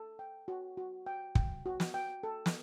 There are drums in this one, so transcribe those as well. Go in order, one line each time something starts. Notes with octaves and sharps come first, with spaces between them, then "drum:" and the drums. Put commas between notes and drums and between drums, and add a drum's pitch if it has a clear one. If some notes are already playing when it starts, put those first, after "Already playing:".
Already playing: A4
G5
F#4
F#4
G5
G5, drum: kick
F#4
drum: snare
G5
A4
drum: snare